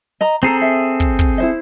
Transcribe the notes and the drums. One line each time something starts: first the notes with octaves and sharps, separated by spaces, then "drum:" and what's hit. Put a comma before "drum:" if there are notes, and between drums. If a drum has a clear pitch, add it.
D#5 A#5
C4 G#4 A4 A#5
E5
drum: kick
drum: kick
E4 C5 D#5